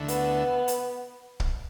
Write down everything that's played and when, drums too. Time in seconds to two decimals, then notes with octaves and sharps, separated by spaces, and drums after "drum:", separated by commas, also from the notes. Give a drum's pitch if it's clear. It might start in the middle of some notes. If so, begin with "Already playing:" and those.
Already playing: D2 D3 A3 E4
0.08 B3, drum: hi-hat
0.68 drum: hi-hat
1.40 drum: kick